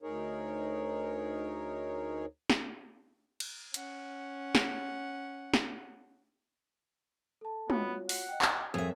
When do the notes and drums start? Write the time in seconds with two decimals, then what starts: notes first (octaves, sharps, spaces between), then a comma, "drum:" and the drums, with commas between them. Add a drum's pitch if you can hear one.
0.02 D2 D#4 G#4 A#4 C#5
2.50 drum: snare
3.40 drum: cymbal
3.74 C#4 F#5, drum: hi-hat
4.55 drum: snare
5.54 drum: snare
7.41 A4 A5
7.70 B3 F4 F#4 C#5, drum: tom
8.09 F#5, drum: open hi-hat
8.29 D#5 G5
8.42 drum: clap
8.74 F2 G#4 A#4 C#5 E5